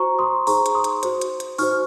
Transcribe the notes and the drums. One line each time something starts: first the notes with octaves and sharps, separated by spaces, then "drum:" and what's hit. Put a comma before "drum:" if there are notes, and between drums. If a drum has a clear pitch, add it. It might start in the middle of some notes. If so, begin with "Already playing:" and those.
Already playing: F#4 C5 A#5 C#6
C6 D#6
D#4 G#4 C5 A#5 C#6, drum: open hi-hat
drum: hi-hat
C6 D#6
drum: hi-hat
F#4 C5, drum: hi-hat
drum: hi-hat
drum: hi-hat
D#4 F#4 C5 C#6 F6, drum: open hi-hat